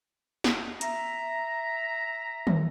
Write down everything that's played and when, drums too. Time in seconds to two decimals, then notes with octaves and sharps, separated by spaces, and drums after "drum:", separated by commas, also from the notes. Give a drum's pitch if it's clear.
0.44 drum: snare
0.81 E5 A#5, drum: hi-hat
2.47 drum: tom